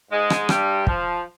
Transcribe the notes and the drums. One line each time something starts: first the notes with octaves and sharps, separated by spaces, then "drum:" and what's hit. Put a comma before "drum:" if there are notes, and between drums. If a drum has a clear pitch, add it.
G#2 G#3
drum: rim click
G2 G3, drum: rim click
F3, drum: kick